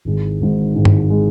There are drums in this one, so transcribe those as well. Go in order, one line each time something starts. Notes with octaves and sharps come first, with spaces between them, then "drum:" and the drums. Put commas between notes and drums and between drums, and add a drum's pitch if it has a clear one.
G#1 G#2 G#3
G#1 G#2 G#3
G#1 G#2 G#3
drum: tom G2
G#3